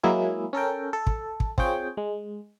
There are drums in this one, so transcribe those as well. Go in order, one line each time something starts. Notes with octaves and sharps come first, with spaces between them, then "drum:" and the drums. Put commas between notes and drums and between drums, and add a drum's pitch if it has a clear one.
F#3 G#3 A#3 E4 G#4
C#4 A4 A#4 G5
A4
drum: kick
drum: kick
C4 F4 G#4 C#5 G5, drum: kick
G#3